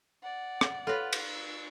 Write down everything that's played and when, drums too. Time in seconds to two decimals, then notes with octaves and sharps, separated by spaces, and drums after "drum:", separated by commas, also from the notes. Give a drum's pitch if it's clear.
0.22 D5 F#5
0.61 drum: rim click
0.87 F4 A4 B4 C#5
1.13 drum: cymbal
1.22 E6